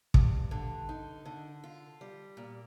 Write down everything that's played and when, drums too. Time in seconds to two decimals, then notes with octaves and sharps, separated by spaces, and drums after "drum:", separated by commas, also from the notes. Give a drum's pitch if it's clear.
0.14 G2, drum: kick
0.51 D3
0.89 D#4
1.25 D3
1.64 F4
2.01 G3
2.37 A#2